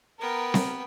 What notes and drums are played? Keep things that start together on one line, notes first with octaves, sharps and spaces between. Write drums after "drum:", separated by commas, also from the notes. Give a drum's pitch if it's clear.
B3 A#4 G5
drum: snare C4